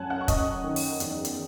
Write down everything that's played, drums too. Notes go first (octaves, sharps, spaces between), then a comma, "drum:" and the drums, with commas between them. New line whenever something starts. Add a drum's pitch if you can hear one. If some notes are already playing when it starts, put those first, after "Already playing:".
Already playing: F#2 F#3 F#5 G#5 A5 F#6 G#6
F#5 F#6
C#6
F#2 D#5 D#6, drum: kick, hi-hat
D#3
drum: open hi-hat
E2, drum: hi-hat
drum: hi-hat